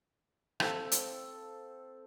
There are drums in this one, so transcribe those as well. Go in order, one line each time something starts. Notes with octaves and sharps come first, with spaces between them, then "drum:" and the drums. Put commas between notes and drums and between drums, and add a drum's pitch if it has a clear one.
C4 A4 C5 F5, drum: rim click
drum: hi-hat